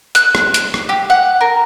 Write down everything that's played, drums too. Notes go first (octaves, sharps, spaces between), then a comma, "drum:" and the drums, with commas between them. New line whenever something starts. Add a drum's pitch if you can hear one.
F#6, drum: hi-hat
drum: rim click
drum: hi-hat
drum: rim click
G4
F#5
A#4